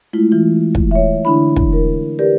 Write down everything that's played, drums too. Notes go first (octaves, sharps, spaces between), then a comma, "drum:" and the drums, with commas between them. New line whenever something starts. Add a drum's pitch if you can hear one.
G#3 A3 E4 F4
E3 F4
drum: kick
C#5 E5
D3 D4 E4 B5
drum: kick
A#4
G4 A#4 B4 D5